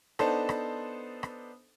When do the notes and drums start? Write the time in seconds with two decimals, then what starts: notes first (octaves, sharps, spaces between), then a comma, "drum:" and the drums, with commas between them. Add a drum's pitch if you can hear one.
0.19 B3 D4 D#4 A4 C5 A5, drum: rim click
0.49 drum: rim click
1.23 drum: rim click